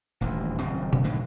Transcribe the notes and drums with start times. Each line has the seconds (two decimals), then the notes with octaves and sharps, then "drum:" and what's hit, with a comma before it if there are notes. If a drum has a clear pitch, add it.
0.21 D#1 A1 D2
0.59 D#1 F#2 C#3 C4
0.93 drum: tom B2
1.04 B1 A2 D3 D#3